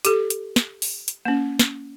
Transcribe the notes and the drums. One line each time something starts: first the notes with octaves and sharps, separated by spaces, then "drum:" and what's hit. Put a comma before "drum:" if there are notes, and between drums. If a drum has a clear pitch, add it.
G4 A4, drum: hi-hat
drum: hi-hat
drum: snare
drum: open hi-hat
drum: hi-hat
A#3 C#4
drum: snare